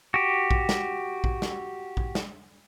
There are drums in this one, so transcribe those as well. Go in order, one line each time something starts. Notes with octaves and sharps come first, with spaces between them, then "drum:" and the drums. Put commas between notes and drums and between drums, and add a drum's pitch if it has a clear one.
F#4 G4
drum: kick A#1
drum: snare
drum: kick A#1
drum: snare
drum: kick A#1
drum: snare